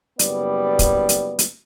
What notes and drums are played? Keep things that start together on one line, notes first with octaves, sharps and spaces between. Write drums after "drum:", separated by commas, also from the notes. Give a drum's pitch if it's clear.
F#1 G3 B3 D5, drum: hi-hat
drum: kick, hi-hat
drum: hi-hat
drum: hi-hat